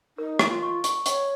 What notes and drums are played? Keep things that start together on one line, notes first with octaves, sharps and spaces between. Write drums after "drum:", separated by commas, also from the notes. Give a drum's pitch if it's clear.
D#4 A#4
D#5, drum: rim click
F4
C#6
C#6, drum: hi-hat
C#5 C#6, drum: hi-hat